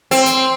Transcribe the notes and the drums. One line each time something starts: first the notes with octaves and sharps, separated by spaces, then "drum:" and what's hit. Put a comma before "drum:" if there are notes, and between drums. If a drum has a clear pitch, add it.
C4, drum: hi-hat
drum: hi-hat